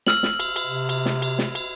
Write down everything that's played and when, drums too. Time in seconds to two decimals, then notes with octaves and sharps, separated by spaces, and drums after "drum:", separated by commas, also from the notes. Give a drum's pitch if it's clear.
0.07 E6 F6 F#7, drum: snare
0.23 drum: snare
0.40 drum: cymbal
0.56 drum: cymbal
0.66 C3
0.89 drum: cymbal
1.06 drum: snare
1.22 drum: cymbal
1.39 drum: snare
1.55 drum: cymbal